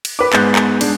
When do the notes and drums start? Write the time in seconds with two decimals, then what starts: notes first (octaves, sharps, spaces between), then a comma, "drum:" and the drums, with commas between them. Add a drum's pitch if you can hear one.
0.05 drum: cymbal
0.19 B4 D6
0.33 G#2 G#3 B3 F#6 G6 A6, drum: clap
0.56 drum: clap
0.81 G#3 D4, drum: cymbal